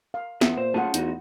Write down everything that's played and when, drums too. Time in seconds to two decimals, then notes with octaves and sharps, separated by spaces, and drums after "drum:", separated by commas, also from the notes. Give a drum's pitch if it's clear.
0.14 F5
0.41 E2 B3 F4 E5, drum: snare
0.57 A#2 C5
0.74 A3 C#4 F4 G#4 F#5 A5
0.94 E2 D#4 F#4, drum: hi-hat